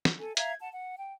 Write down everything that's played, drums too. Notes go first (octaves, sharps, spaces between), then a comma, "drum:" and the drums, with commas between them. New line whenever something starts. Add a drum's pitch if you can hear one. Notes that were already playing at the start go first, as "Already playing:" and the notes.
drum: snare
A4 G#5
E5 F5 A#5 G#6, drum: hi-hat
F#5 A5
F#5
G5